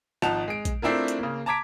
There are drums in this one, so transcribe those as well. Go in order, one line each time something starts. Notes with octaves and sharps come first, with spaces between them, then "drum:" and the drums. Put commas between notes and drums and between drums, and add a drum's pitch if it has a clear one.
G#1 F3 D#4 F#5 A5 F7, drum: snare
G#3 D7
drum: kick A#1, hi-hat
A3 C4 D4 E4 F4 A#4
drum: hi-hat
C#3 A#3
A5 A#5 D6 G#6 B6 D7